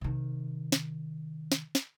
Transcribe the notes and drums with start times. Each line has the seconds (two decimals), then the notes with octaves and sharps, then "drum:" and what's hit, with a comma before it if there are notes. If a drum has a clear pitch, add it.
0.01 C3 D#3
0.72 drum: snare
1.52 drum: snare
1.75 drum: snare